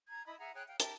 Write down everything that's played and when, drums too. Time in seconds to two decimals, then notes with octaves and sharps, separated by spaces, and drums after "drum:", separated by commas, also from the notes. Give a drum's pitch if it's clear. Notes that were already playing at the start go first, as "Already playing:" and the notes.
0.08 A#5 G#6
0.26 E4 D#5 B5
0.39 G#4 E5 F#5 A#5
0.55 G#4 C#5 G5 F#6
0.67 F5 G5
0.80 G4 A#4 E5 A5, drum: hi-hat